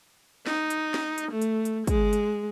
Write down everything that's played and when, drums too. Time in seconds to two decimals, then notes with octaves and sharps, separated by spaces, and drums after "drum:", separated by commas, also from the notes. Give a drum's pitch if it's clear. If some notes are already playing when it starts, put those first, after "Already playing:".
0.47 D#4, drum: snare
0.70 drum: hi-hat
0.94 drum: snare
1.18 drum: hi-hat
1.32 A3
1.42 drum: hi-hat
1.65 drum: hi-hat
1.87 G#3, drum: kick, hi-hat
2.13 drum: hi-hat